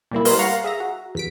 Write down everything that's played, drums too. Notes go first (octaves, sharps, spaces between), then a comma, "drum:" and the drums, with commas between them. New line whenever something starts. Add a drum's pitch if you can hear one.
A#2 G3 A#3 E4
G3 B3 A#4 E5 C6 E7, drum: open hi-hat
F5 F#5 A#5 C#6
G#4 E5 A#5
F#4
E2 B6 D7